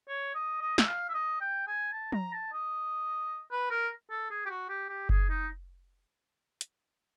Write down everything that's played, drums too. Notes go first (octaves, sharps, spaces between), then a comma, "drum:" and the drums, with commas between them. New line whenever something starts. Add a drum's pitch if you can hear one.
C#5
D#5
D#5
E5, drum: snare
F5
E5
D#5
G5
G#5
A5
A#5, drum: tom F3
A5
D#5
B4
A#4
A4
G#4
G4
F#4
G4
G4
G#4, drum: kick F#1
D#4
drum: hi-hat